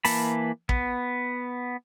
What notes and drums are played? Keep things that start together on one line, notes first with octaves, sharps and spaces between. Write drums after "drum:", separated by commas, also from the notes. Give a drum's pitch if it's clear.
E3 A#3 A5 B5, drum: open hi-hat
B3, drum: kick